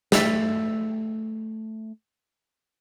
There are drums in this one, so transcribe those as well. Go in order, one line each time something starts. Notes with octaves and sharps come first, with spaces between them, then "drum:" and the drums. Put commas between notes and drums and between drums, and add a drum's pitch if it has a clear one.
A3 E5, drum: snare